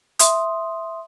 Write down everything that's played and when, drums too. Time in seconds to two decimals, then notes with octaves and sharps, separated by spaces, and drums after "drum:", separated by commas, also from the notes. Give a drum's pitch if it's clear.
0.19 E5 C6 D#6, drum: hi-hat